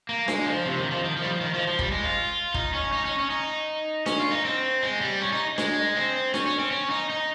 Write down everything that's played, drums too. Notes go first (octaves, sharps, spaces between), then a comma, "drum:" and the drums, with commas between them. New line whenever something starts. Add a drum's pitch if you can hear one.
A#3
G#3, drum: snare D4
F3
C3
D#3
F3
D#3
F3
G3
F3
D#3
F3
F3
G3, drum: kick
G#3
F4
D#4, drum: kick
C#4
D#4
C#4
C#4
D#4
C#4, drum: snare D4
F4
D#4
C4
G#3
G3
C#4
D#4
G#3, drum: snare D4
C4
C#4, drum: snare D4
C#4
C4
C#4
D#4
D#4